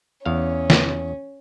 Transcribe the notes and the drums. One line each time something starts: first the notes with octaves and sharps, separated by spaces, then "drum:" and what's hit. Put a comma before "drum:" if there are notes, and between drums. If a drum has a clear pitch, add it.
E2 C#4 F5
drum: snare